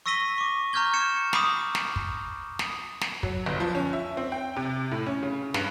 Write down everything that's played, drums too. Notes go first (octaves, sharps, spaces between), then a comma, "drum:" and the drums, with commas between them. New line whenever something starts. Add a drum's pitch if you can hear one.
C#6 E6 A#6 B6 D#7 G7
C#6 D6
A#5 C#6 F6 G6 G#6 G7
G#6 C#7 E7
B5 D6 D#6, drum: snare
drum: snare
drum: kick
drum: snare
drum: snare
F#3, drum: kick
G1
F3
C#4
E5
C4
G5
C3
A2
C#4
C#3
G2, drum: snare